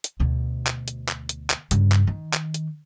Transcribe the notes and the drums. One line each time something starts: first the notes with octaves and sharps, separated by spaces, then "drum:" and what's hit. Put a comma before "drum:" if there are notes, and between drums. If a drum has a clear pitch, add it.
drum: hi-hat
D2 B2
drum: clap
drum: hi-hat
drum: clap
drum: hi-hat
drum: clap
G2 C#3, drum: hi-hat
drum: clap
D#3
drum: clap
drum: hi-hat